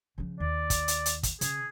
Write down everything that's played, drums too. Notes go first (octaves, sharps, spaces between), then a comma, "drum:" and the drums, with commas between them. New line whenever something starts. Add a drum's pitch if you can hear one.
C#3 F3
D#2 D5
drum: kick, hi-hat
drum: hi-hat
drum: hi-hat
drum: kick, hi-hat
C#3 G#4, drum: hi-hat